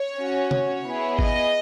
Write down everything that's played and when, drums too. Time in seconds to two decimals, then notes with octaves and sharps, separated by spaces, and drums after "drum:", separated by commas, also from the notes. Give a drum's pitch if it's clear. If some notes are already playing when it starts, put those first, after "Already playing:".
Already playing: C#5
0.17 C#4 F#4
0.51 C#5, drum: tom
0.85 B3 E4 G#4
1.19 D#5, drum: kick G#1